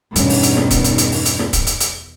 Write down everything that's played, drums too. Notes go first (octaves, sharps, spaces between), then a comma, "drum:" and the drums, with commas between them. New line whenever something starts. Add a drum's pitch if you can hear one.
E2 G2 B2 D#3 C#4, drum: hi-hat
drum: open hi-hat
drum: hi-hat
drum: snare
drum: kick C#1, hi-hat
drum: hi-hat
drum: hi-hat
drum: open hi-hat
drum: hi-hat
drum: snare
drum: kick C#1, hi-hat
drum: hi-hat
drum: hi-hat